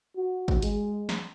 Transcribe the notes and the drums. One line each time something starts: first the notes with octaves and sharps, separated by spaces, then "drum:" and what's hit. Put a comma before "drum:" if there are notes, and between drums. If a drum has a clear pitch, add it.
F#4
drum: kick
G#3, drum: hi-hat
drum: snare